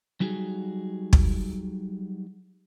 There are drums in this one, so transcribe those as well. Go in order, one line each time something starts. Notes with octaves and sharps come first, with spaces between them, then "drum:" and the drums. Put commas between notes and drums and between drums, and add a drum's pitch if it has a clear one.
F#3 G3 D#4 F#4 G#4
drum: kick